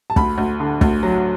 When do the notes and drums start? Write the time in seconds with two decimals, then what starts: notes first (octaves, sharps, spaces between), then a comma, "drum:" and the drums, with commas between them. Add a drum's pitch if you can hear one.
0.10 A5
0.16 D2 B5, drum: kick
0.38 D2
0.60 D3
0.81 D2, drum: kick
1.03 F#3